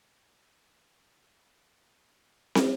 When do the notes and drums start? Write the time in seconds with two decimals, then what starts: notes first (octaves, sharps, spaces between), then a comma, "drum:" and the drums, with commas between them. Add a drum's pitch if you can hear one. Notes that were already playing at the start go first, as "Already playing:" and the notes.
Already playing: G#1
0.11 D#3
0.29 F#2
0.47 G#2 F#5
0.66 G#2
0.84 F#3
0.96 A#5
1.03 F#3 G#5
1.22 F#3
1.40 F#3
1.58 F#1 F#5
1.77 G#3
1.86 G#5
1.95 F#1
2.10 F#6
2.13 G#1 C#6 E6
2.33 F#2
2.55 drum: snare